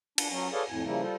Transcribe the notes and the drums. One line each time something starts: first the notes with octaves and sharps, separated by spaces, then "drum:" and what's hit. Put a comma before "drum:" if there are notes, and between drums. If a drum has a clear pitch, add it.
D4, drum: cymbal
F#3 C#4
G#4 A4 B4 C#5 D5 F5
F2 A2 G#5
C#3 F3 G3 A#3 E4
G3 F4 A4 C5